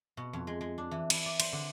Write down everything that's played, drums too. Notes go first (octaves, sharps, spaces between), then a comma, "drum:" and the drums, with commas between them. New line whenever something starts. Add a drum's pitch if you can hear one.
B2
F2
G#3
G#3
D4
E3
E4, drum: cymbal
D5
C5, drum: cymbal
D3